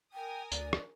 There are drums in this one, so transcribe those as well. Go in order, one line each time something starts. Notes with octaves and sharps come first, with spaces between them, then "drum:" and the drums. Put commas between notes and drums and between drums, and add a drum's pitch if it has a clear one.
A#4 G5 G#5 D#6
D2 D5, drum: tambourine
drum: rim click